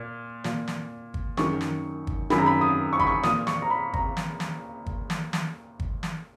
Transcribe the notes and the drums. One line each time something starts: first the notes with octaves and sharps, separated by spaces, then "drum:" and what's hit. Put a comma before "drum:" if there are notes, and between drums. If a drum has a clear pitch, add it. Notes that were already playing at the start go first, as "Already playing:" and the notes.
Already playing: A#2
A#2, drum: snare
drum: snare
drum: kick
F#2 D#3 C#6, drum: snare
drum: snare
drum: kick
F#2 D#3 B5, drum: snare
A#5
B5
D#6
C#6
B5, drum: kick
C#6
A#2 D#6, drum: snare
C#6, drum: snare
A#5
B5
A#5, drum: kick
drum: snare
drum: snare
drum: kick
drum: snare
drum: snare
drum: kick
drum: snare